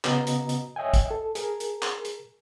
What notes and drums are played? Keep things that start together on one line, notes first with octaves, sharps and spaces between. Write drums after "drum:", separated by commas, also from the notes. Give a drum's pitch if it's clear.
C#3 B3 F#4 D#5 A#5, drum: clap
drum: hi-hat
drum: hi-hat
C#5 D#5 E5 G5 G#5
drum: kick, hi-hat
A4
G#4 A#4, drum: hi-hat
drum: hi-hat
drum: clap
drum: hi-hat